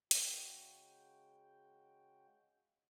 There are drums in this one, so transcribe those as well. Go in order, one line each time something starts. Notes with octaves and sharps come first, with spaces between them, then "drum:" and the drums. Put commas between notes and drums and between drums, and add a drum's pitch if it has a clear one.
C#3 G#3 F#4 G5, drum: hi-hat